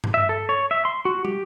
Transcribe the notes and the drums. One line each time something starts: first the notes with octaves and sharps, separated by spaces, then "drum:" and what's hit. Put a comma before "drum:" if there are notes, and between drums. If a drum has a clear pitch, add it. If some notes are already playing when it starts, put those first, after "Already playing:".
drum: tom G2
E5
A4
C#5
E5
C6
F#4
G4, drum: tom